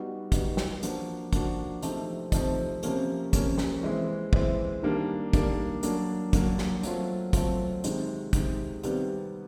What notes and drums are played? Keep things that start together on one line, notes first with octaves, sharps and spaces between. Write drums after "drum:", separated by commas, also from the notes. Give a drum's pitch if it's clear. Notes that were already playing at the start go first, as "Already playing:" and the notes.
Already playing: G3 B3 D#4 F#4
G3 B3 D#4 F#4, drum: kick, hi-hat
drum: snare
F3 A#3 D4 F#4, drum: hi-hat
F3 A#3 D4 F#4, drum: kick, hi-hat
C3 F3 A3 C4 D#4, drum: hi-hat
C3 F3 A3 C4 D#4, drum: kick, hi-hat
C3 F3 A#3 C#4, drum: hi-hat
C3 F3 A#3 C#4, drum: kick, hi-hat
drum: snare
E3 G#3 C4 E4
E3 G#3 C4 E4, drum: kick
D#3 G3 A#3 D4
D#3 G3 A#3 D4, drum: kick, hi-hat
F#3 A#3 D4, drum: hi-hat
F#3 A#3 D4, drum: kick, hi-hat
drum: snare
F#3 A3 C4 F4, drum: hi-hat
F#3 A3 C4 F4, drum: kick, hi-hat
C3 D#3 G#3, drum: hi-hat
C3 D#3 G#3, drum: kick, hi-hat
C3 D#3 G3 B3, drum: hi-hat